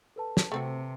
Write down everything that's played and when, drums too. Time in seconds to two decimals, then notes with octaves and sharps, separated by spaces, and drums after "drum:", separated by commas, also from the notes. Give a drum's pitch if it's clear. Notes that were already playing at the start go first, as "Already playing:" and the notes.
0.16 A4 B4 A5
0.37 drum: snare
0.52 C3 A3 C4 F#4